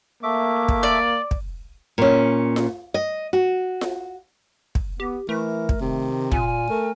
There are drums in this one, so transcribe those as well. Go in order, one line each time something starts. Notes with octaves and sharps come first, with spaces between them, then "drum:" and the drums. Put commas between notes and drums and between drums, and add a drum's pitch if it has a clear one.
A3 A#3 E5 D6
drum: kick
D5
drum: kick
A#2 C#4
drum: snare F4
D#5
F#4
drum: snare F4
drum: kick
B3 G4
E3 A3 A#4
drum: kick
C3 D#3
A#2 F4 G#5, drum: kick
A3 A#4